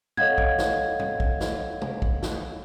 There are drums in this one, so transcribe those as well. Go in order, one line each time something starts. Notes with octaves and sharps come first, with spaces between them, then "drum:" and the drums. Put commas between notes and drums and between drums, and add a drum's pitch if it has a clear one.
A4 C#5 D#5 F5 F#5 G#6, drum: tom A2
drum: kick
drum: snare
drum: tom A2
drum: kick
drum: snare
drum: tom
drum: kick
drum: snare